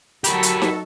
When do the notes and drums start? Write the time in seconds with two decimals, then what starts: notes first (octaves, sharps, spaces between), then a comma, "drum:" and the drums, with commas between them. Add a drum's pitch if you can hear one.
0.24 F#3 F#4 G4 A4 A#4 B5, drum: hi-hat
0.43 drum: hi-hat
0.62 drum: snare D#4